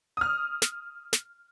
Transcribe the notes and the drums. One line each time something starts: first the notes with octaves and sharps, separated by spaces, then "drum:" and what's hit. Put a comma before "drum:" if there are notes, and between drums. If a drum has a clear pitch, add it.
D#6 F6
drum: snare
drum: snare